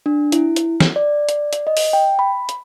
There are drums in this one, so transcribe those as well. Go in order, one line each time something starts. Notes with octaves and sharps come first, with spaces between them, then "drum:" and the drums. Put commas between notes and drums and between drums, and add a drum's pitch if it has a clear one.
D4
E4, drum: hi-hat
drum: hi-hat
drum: snare
D5
drum: hi-hat
drum: hi-hat
D#5
drum: open hi-hat
G5
B5
drum: hi-hat